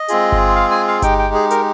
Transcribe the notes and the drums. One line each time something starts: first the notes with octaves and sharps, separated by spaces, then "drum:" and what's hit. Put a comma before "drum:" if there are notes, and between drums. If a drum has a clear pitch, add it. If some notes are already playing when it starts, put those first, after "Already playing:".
Already playing: D#5
G#3 C4 F4 G#4, drum: hi-hat
drum: kick G1
F5
G#5
F5
G#3 D#4 G4 G5, drum: kick G1, hi-hat
G5
G#4
A#4, drum: hi-hat